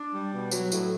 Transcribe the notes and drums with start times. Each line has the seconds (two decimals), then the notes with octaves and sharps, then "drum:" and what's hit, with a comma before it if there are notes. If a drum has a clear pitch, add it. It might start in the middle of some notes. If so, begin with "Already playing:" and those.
Already playing: D4
0.13 G3
0.32 B2
0.51 F#3, drum: tambourine
0.72 A2, drum: tambourine